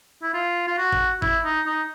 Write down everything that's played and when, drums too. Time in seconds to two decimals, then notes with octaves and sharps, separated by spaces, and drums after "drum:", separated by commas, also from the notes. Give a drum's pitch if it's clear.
0.23 E4
0.34 F4
0.68 F4
0.78 F#4
0.92 drum: kick
1.22 E4, drum: kick
1.45 D#4
1.67 D#4